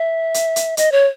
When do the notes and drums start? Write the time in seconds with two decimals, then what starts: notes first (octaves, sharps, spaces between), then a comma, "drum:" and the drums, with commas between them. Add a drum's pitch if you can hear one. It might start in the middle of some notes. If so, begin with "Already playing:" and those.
Already playing: E5
0.34 drum: hi-hat
0.56 drum: hi-hat
0.77 D#5, drum: hi-hat
0.92 C#5